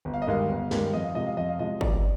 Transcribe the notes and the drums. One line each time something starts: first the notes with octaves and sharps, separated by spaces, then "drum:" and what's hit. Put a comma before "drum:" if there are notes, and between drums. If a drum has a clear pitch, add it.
G1
F5
D#5
G2 D#3 G#3 F5
G1
G2 D#3 G#3, drum: snare
F2 D#5
F5
C3 F3 G#3 D#5
F5
F2 D#5
F5
C3 F3 G#3 D#5
F1 D5, drum: kick G1